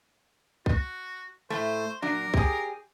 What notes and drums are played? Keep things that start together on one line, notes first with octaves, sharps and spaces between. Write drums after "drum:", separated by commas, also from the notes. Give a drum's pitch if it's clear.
F#4, drum: kick
A2 A3 C5
A#2 F#3 D4 A#4
G4 G#4, drum: kick